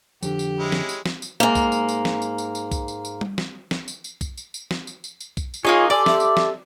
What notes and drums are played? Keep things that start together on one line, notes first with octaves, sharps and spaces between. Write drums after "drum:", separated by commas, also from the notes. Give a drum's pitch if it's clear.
F2 D3 G4, drum: tambourine
drum: tambourine
G#3 C#4 E4
drum: snare
drum: tambourine
drum: snare
drum: tambourine
G#2 A#3
drum: kick B1, tambourine
drum: tambourine
drum: tambourine
drum: snare
drum: tambourine
drum: tambourine
drum: tambourine
drum: kick B1, tambourine
drum: tambourine
drum: tambourine
drum: tom G3
drum: snare
drum: snare
drum: tambourine
drum: tambourine
drum: kick B1, tambourine
drum: tambourine
drum: tambourine
drum: snare
drum: tambourine
drum: tambourine
drum: tambourine
drum: kick B1, tambourine
drum: tambourine
A#3 D#4 F4 G#4 C#5 D#5
G4 A4 D5 G#5 C6
E5, drum: snare
drum: tambourine
drum: snare